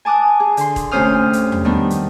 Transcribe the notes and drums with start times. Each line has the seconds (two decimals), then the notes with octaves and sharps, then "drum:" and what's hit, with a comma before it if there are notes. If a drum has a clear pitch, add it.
0.05 G#5 A5 D6 D#6 F#6
0.40 G#4
0.57 D3 C6, drum: hi-hat
0.76 drum: kick E1, hi-hat
0.91 D2 C3 C#4 C5 D#6 F6
1.33 drum: hi-hat
1.52 drum: tom E2
1.65 D#3 G3 B3 D4
1.90 drum: hi-hat